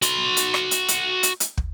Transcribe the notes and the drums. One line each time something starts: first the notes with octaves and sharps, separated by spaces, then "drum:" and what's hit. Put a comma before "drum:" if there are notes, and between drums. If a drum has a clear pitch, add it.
F#4 C6, drum: hi-hat
drum: hi-hat
drum: rim click
drum: hi-hat
drum: hi-hat
drum: hi-hat
drum: hi-hat
drum: kick